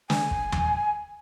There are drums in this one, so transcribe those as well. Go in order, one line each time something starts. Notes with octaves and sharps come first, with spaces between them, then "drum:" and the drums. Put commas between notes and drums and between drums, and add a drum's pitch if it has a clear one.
G#5, drum: snare
drum: kick
drum: tom D#2